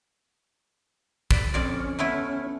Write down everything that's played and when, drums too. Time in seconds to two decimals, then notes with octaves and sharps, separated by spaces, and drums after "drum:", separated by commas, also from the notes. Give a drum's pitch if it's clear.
1.31 B4 D5, drum: kick
1.54 F2 C#4 D5
1.99 A3 B3 E4